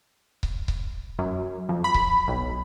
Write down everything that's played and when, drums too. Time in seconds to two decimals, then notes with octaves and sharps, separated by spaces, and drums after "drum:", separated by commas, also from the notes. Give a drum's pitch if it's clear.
0.43 drum: kick C#1
0.68 drum: kick C#1
1.19 F#2
1.69 F2
1.84 B5
1.94 drum: kick C#1
2.28 B1